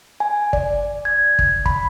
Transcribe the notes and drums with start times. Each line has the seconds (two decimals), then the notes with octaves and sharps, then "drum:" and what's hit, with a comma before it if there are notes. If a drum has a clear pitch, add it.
0.20 G#5
0.53 D5, drum: kick
1.05 G#6
1.39 drum: kick
1.66 B5, drum: kick